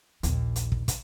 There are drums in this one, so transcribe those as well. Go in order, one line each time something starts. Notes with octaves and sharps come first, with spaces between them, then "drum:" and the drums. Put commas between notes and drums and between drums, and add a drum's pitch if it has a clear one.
A#1 D#2, drum: hi-hat
drum: hi-hat
drum: kick
drum: kick, hi-hat